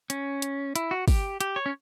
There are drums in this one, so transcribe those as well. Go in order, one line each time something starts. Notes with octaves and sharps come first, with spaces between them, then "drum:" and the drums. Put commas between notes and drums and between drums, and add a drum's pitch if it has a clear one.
C#4, drum: hi-hat
drum: hi-hat
E4, drum: hi-hat
F#4
G4, drum: kick, open hi-hat
G4, drum: hi-hat
C#5
C#4